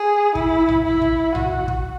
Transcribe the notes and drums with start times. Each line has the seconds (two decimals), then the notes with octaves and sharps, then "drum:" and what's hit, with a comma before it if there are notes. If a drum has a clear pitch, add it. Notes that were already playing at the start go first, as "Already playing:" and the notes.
Already playing: G#4
0.35 E4, drum: kick
0.69 drum: tom A#1
0.85 E4
1.02 drum: kick
1.35 F#4, drum: tom A#1
1.68 drum: kick